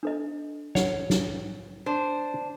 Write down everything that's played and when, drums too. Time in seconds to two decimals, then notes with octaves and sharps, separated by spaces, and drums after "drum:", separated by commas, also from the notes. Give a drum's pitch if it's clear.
0.03 D4 A4 D#5
0.75 C#5 F#5, drum: snare
1.10 drum: snare
1.86 D4 C5